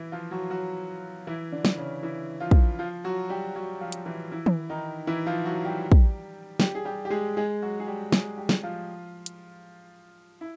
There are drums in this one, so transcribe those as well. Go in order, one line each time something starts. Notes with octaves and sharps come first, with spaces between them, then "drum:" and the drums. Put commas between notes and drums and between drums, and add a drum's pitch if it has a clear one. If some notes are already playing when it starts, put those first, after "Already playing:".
Already playing: E3 E4
F3 F4
F#3 F#4
F#3 F#4
E3 E4
D3 D4
drum: snare
C#3 C#4
E3 E4
F3 F4
drum: kick
F3 F4
F#3 F#4
G3 G4
F#3 F#4
F3 F4
drum: hi-hat
E3 E4
E3 E4
drum: tom D#3
D#3 D#4
E3 E4
F3 F4
F#3 F#4
G3 G4
drum: kick
G3 G4, drum: snare
G#4
G3 G4
G4
G#3 G#4
G#3 G#4
F#3 F#4
G#4
G3 G4
G#3 G#4, drum: snare
G3 G4
drum: snare
F3 F4
drum: hi-hat
E4